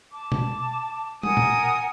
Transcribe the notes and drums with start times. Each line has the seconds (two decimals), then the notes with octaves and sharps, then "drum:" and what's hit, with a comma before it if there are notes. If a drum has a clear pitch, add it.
0.12 A5 D6
0.32 drum: tom B2
1.23 A#4 F#5 G#5 D#6, drum: tom
1.37 drum: tom A#2